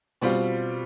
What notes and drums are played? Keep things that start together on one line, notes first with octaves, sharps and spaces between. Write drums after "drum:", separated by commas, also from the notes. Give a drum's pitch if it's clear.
B2 G3 C4 F4, drum: open hi-hat